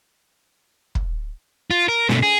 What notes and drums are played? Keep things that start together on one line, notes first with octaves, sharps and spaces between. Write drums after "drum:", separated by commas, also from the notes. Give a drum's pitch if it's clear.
drum: kick
F4
A#4
B2 A3, drum: snare
G#4